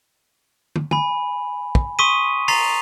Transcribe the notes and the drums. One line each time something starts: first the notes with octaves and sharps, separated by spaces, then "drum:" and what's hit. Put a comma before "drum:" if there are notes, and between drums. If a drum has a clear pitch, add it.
drum: tom
G#5 B5, drum: tom
drum: kick
C6 C#6 D#6 B6 D#7
A#5 C6 A6 B6 C7 F7, drum: open hi-hat